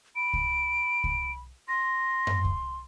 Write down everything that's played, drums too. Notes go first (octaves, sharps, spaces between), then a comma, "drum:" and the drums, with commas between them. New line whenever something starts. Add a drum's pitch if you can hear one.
B5 D7
drum: kick C2
drum: kick C2
C6 A#6
drum: tom F#2
drum: kick C2